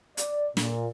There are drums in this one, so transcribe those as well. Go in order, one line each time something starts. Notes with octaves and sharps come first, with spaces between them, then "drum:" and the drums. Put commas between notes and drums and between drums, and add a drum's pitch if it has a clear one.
D5, drum: hi-hat
A#2, drum: snare